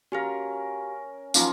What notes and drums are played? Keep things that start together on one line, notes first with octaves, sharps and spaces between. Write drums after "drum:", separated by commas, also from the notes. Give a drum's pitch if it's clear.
C#4 F#4 G4 A#4 F5
F3 F#3 A#3 C#4 D#4 F4, drum: tambourine